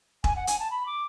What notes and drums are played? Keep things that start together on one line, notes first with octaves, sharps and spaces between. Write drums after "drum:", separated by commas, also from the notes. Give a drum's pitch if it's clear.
G#5, drum: kick E1
F#5
G#5, drum: hi-hat
A5
B5
D6